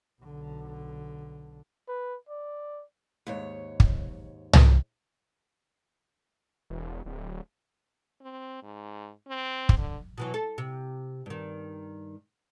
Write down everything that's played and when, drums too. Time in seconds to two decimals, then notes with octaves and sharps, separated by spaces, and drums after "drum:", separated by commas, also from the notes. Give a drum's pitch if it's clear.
0.22 B1 D3
1.88 B4
2.29 D5
3.27 D#2 G#2 C#5
3.80 drum: kick
4.53 drum: tom
6.70 E1
7.06 D1
8.22 C4
8.63 G#2
9.28 C4
9.69 drum: kick
9.78 D3
10.18 B2 E3 F#3
10.34 A4
10.58 C3
11.26 G2 D#3